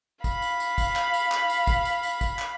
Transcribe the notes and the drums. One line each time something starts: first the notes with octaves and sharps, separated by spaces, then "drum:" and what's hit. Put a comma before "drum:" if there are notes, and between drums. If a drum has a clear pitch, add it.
F5 B5, drum: kick, tambourine
drum: tambourine
drum: tambourine
drum: kick, tambourine
drum: clap
drum: tambourine
drum: clap
drum: tambourine
drum: kick, tambourine
drum: tambourine
drum: tambourine
drum: kick, tambourine
drum: clap